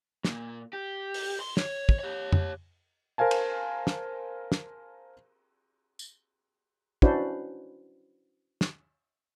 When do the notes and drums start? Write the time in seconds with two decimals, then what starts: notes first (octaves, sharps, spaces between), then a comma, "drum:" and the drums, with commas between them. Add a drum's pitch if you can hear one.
0.25 A#2, drum: snare
0.73 G4
1.14 drum: open hi-hat
1.40 C6
1.57 C#5, drum: snare
1.89 drum: kick
1.99 G4 C#5
2.32 drum: tom F2
3.18 A#4 C5 F5 G#5 A5
3.31 drum: cymbal
3.87 drum: snare
4.52 drum: snare
5.99 drum: tambourine
7.02 C#4 D4 E4 F#4 B4 C5, drum: kick
8.61 drum: snare